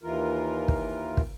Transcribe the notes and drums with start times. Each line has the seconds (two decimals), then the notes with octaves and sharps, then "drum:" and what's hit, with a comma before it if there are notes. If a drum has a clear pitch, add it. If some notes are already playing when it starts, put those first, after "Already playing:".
0.03 D#2 E3 F4 A#4
0.68 drum: kick
1.17 drum: kick